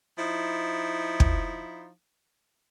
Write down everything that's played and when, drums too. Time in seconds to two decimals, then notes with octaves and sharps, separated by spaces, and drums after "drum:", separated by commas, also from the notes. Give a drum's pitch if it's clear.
0.19 F3 D#4 E4
1.20 drum: kick